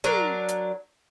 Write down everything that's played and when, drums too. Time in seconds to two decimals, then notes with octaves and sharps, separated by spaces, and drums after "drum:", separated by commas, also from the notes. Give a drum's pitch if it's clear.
0.04 F#3 D4 A#4, drum: tom
0.48 drum: hi-hat